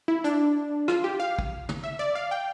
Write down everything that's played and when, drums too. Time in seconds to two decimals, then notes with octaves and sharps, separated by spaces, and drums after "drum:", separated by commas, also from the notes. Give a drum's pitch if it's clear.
0.08 E4
0.24 D4, drum: hi-hat
0.88 F4, drum: rim click
1.04 G4
1.20 F5
1.39 drum: kick
1.69 drum: tom
1.84 E5
1.99 D5
2.15 F5
2.31 G5